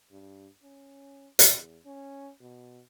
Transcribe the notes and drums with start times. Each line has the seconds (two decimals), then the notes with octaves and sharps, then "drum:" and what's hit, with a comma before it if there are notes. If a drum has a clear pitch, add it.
0.11 G2
0.63 C#4
1.39 E2, drum: hi-hat
1.86 C#4
2.41 B2